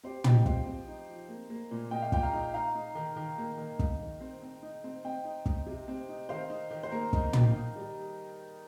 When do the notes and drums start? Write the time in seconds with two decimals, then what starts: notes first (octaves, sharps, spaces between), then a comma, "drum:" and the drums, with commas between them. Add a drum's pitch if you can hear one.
0.03 C4 G4 C5
0.24 F3 D#5 G5, drum: tom
0.46 C4 C5 F5, drum: kick
0.66 C4
0.88 D#4
1.09 F3
1.28 A#3
1.50 A#3
1.71 A#2
1.91 A#2 D#5 G5
2.02 F5
2.12 A#2 G5, drum: kick
2.22 F5 A#5
2.33 D#4
2.54 D#4 F5 A#5
2.75 D#4
2.95 D#3
3.16 D#3
3.38 A#3
3.58 D#3
3.79 D#4, drum: kick
4.01 D#3
4.20 C4
4.42 C4
4.63 D#4
4.84 C4
5.04 C4 D#5 G5
5.25 D#4
5.46 D#4, drum: kick
5.66 C3
5.88 C4
6.09 D#4
6.29 D#3 C5 F5
6.50 D#4
6.71 D#3
6.83 C5
6.91 A#3 A#4
7.13 D#4, drum: kick
7.33 D#3, drum: tom
7.54 D#4
7.76 G3